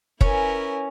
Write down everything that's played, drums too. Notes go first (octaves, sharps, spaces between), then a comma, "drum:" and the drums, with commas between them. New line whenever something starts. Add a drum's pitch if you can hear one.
C#4 E4 A#4 B4, drum: kick F#1